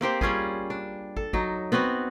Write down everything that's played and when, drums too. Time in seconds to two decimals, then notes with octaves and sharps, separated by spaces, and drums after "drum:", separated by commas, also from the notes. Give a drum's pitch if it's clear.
0.01 A#3 C4 G4 C5
0.21 G3 C#4 F4 G#4, drum: kick
0.70 D4
1.17 A4, drum: kick
1.33 F#3 D#4, drum: kick
1.72 B3 C4 F#4 B4